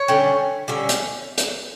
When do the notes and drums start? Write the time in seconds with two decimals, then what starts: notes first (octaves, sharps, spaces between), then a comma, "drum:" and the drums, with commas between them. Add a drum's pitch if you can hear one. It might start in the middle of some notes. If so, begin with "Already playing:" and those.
Already playing: C#5
0.08 D3 G3 C#4
0.68 D3 G3 C#4 E5
0.89 drum: hi-hat
1.38 drum: hi-hat